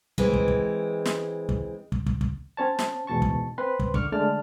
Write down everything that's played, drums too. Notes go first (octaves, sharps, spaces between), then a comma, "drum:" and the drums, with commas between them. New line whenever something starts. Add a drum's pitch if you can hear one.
E3 G#3 C4, drum: kick
drum: kick
drum: kick
drum: snare
drum: kick
drum: kick
drum: kick
drum: kick
C4 C#4 C#5 A5
drum: snare
E2 G#2 B2 A5 C#6
drum: kick
C4 B4 C6
drum: kick
D3 C#6 D6 F6, drum: kick
D3 G#3 A3 D5 A5 F6